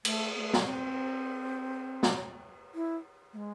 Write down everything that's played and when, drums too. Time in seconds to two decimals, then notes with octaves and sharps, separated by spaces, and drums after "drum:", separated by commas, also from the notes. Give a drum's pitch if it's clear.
0.05 A3, drum: cymbal
0.36 B3
0.39 A3
0.53 drum: snare
0.64 C4
2.03 drum: snare
2.75 E4
3.33 A3
3.37 G#3